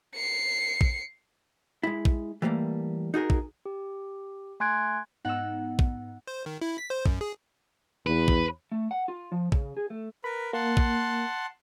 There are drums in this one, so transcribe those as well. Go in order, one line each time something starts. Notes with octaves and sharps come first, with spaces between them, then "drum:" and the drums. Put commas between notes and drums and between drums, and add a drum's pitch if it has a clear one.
C7 C#7
drum: kick
G#3 E4
drum: kick
E3 G3 A3 A#3
D#4 F#4 G#4 A#4
drum: kick
G4
A3 G#5 C6 F#6 G#6 D7
G#2 B3 D#4 F#5 E6
drum: kick
C5
D#3
E4
B6
C5
F#2, drum: kick
G#4
E2 B4
drum: kick
A3
F#5
F4
F3
C#3, drum: kick
G#4
A3
A#4 B4 B5
A#3 F#5 A5 C6
drum: kick